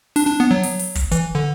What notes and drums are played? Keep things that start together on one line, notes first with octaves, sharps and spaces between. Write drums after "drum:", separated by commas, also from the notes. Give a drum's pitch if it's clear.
D4, drum: open hi-hat
D4
B3
F#3
drum: open hi-hat
drum: open hi-hat
drum: kick, hi-hat
E3, drum: hi-hat
D3